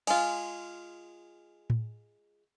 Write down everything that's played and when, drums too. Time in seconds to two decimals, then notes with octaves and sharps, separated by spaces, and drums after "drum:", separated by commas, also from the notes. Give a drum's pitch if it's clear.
0.07 G#3 F4, drum: cymbal
1.70 drum: tom A2